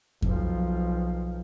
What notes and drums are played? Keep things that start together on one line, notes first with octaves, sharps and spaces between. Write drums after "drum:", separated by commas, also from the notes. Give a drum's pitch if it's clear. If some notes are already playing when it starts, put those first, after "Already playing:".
B1 F3, drum: kick F2